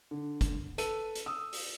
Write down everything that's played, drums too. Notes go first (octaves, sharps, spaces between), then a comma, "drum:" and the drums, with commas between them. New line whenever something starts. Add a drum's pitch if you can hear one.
D3
drum: kick, hi-hat
A4 B4 D#7, drum: hi-hat
drum: hi-hat
D#6 E6
drum: open hi-hat